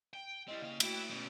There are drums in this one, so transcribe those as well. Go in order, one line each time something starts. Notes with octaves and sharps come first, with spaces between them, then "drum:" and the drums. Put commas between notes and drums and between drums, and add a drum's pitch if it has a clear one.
G5
G3 C4 E4 D#5
C#3 A#3 F5 G5
A3 E4 F#4 G5, drum: cymbal
G5 F#6
B2 C#4